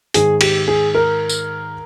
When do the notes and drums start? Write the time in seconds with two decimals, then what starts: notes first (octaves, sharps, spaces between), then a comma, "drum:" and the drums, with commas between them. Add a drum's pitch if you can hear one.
0.14 G#2 D#3 G#4, drum: hi-hat
0.41 G4, drum: cymbal
0.68 G#4
0.95 A#4
1.29 drum: tambourine